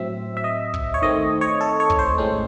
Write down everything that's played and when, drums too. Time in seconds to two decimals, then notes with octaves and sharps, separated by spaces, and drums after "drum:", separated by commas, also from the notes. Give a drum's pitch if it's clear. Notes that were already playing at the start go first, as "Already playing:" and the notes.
Already playing: A2 F#3 C4 E5
0.37 E5
0.44 D#5
0.74 drum: kick
0.94 C#5
1.02 D#3 A3 C4 D#5
1.41 C#5
1.61 A4
1.80 C#5
1.90 drum: kick
1.99 C5
2.18 A2 G#3 C4 C#4